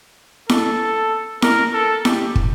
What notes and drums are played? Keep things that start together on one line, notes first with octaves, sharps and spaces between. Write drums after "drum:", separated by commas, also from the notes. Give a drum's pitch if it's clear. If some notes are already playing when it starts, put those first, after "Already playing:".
A4, drum: snare E4
A#4, drum: snare E4
A4
G4, drum: snare E4
drum: kick